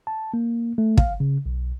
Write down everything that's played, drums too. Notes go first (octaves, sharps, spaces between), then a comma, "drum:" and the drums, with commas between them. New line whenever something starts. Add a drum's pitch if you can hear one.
A5
A#3
A3
F5, drum: kick
C#3
B1